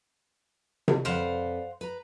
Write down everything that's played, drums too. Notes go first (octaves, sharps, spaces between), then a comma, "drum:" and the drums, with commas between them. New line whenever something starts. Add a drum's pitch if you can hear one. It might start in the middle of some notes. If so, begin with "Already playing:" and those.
drum: tom C3
F2 B4 C5 D5 F5 F#5
B4 A#5